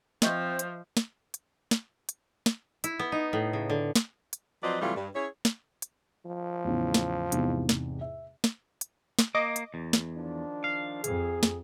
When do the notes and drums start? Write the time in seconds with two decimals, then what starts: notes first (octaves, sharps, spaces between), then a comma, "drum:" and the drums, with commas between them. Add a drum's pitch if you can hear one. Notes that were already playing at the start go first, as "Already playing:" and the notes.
0.22 F3 C4 C5 D#5 E5 C#6, drum: snare
0.59 drum: hi-hat
0.97 drum: snare
1.34 drum: hi-hat
1.71 drum: snare
2.09 drum: hi-hat
2.46 drum: snare
2.84 E4, drum: hi-hat
2.99 B3
3.12 D#4
3.33 A2
3.53 C#3
3.70 D3
3.96 drum: snare
4.33 drum: hi-hat
4.63 F3 F#3 C4 B4 D5 D#5
4.81 C3 E3 F#3 G3 A3 F4
4.96 G2
5.15 C#4 E4 G#4 C#5
5.45 drum: snare
5.82 drum: hi-hat
6.26 F3
6.64 E2 A2 C#3
6.94 drum: snare
7.32 E2 G#2 C3, drum: hi-hat
7.69 drum: snare
8.01 E5
8.44 drum: snare
8.81 drum: hi-hat
9.19 drum: snare
9.35 A#3 D#5 D6
9.56 drum: hi-hat
9.74 E2
9.93 drum: snare
10.16 D#3 F3 D4
10.64 F5
11.04 F2 G#4, drum: hi-hat
11.43 drum: snare